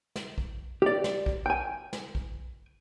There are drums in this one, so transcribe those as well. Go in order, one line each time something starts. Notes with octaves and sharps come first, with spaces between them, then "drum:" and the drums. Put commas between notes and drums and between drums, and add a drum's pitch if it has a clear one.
drum: snare
drum: kick
G4 D5
drum: snare
drum: kick
G5 G#5
drum: snare
drum: kick